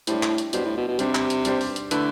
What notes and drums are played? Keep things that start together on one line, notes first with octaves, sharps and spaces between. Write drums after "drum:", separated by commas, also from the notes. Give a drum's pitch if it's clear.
A2 G3 D4 G4 C5, drum: hi-hat
drum: clap
drum: hi-hat
B2 G3 D4 G4 C5, drum: hi-hat
A2
B2
B2
C3 G3 D4 G4 C5, drum: hi-hat
drum: clap
drum: hi-hat
G3 D4 G4 C5, drum: hi-hat
drum: open hi-hat
drum: hi-hat
D3 A3 E4 B4, drum: hi-hat